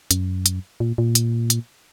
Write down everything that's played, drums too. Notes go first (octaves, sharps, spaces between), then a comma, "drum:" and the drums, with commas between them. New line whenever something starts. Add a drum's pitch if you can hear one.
F#2, drum: hi-hat
drum: hi-hat
A#2
A#2
drum: hi-hat
drum: hi-hat